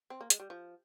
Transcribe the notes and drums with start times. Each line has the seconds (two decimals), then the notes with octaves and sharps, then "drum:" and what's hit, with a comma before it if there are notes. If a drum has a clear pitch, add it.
0.10 C4
0.21 A#3
0.30 G#3, drum: hi-hat
0.40 G3
0.50 F3